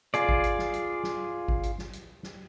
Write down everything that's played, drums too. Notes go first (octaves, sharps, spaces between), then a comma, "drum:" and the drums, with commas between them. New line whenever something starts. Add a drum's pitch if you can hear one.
F4 G#4 D5, drum: hi-hat
drum: kick G#1
drum: hi-hat
drum: snare
drum: hi-hat
drum: snare
drum: kick G#1
drum: hi-hat
drum: snare
drum: hi-hat
drum: snare